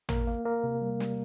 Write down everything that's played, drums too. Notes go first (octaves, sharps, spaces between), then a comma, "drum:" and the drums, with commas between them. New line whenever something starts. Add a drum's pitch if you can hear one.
A#3 A#4, drum: tom A1
A#3
A#3 A#4
C3
G3
G3, drum: snare